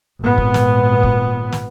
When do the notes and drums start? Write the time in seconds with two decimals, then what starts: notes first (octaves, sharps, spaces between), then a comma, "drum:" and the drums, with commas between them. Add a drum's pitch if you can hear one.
0.21 G#1 A#2 B3
0.38 drum: kick
0.54 drum: snare
1.03 drum: kick
1.52 drum: snare